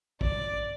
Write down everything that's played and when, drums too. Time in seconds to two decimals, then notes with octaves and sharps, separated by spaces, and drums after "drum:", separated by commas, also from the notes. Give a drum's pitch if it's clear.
0.21 D5, drum: kick